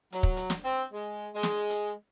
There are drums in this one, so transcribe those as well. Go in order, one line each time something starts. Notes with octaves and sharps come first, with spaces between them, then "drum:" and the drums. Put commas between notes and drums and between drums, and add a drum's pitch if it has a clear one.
F#3, drum: hi-hat
drum: kick
drum: hi-hat
drum: snare
C4
G#3
G#3
drum: snare
drum: hi-hat